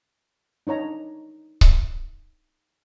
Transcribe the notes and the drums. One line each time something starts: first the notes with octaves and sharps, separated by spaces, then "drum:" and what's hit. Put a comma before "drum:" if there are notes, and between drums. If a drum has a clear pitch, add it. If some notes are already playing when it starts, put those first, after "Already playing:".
D4 D#4 C#5 A#5
drum: kick C#1